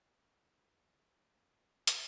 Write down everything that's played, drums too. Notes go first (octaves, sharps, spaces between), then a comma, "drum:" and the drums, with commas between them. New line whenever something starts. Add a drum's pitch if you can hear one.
A#2 D#3 G#3 D#4 G#4
D#3 G#3 F4 G#4
C3
C3, drum: hi-hat